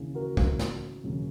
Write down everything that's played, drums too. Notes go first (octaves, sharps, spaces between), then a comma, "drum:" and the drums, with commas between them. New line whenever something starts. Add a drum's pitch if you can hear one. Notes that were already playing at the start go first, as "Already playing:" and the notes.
Already playing: D#2 C#3 E3
F#4 A#4
drum: kick
drum: snare
E1 D#2 C#3 F#3